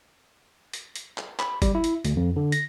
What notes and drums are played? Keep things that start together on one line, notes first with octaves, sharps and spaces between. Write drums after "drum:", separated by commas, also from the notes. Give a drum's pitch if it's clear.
drum: hi-hat
drum: hi-hat
drum: clap
B5, drum: clap
G3, drum: kick F#1, hi-hat
E4
drum: hi-hat
D2, drum: hi-hat
F2
D3
A#6, drum: hi-hat